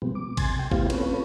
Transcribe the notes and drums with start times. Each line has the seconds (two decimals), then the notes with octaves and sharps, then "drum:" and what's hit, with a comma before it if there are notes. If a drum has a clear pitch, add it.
0.02 B2 F3 G3 G#3 B3 C4
0.15 D6
0.37 C3 G#5 C6 G#6 A6, drum: kick A1, cymbal
0.59 G5
0.71 A3 B3 E4 G4 C5 F5, drum: kick A1
0.90 C4 C#4 F4 A4 B4 C#5, drum: cymbal